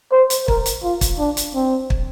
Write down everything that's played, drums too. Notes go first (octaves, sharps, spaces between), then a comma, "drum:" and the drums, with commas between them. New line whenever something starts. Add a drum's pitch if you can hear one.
C5
drum: hi-hat
A#4, drum: kick
drum: hi-hat
F4
drum: kick, hi-hat
D4
drum: hi-hat
C4
drum: kick